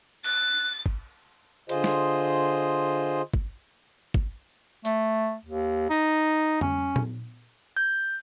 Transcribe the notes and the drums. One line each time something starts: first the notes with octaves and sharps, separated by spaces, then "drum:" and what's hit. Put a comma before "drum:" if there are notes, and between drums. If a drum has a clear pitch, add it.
F#6 A6, drum: cymbal
drum: kick
D3 F4 G#4 C5 D#5, drum: hi-hat
drum: snare
drum: kick
drum: kick
A3, drum: hi-hat
D#2
D#4
C#4, drum: tom F2
drum: tom A#2
G6